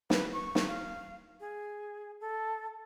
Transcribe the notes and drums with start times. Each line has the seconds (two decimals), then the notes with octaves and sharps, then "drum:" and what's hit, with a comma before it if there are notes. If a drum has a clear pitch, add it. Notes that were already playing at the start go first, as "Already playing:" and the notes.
0.10 B4, drum: snare
0.33 C#6
0.55 drum: snare
0.68 F5
1.40 G#4
2.20 A4